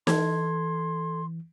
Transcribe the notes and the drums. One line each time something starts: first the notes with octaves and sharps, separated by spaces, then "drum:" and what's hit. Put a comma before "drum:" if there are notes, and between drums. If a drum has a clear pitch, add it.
E3 A4 C6 G#6, drum: snare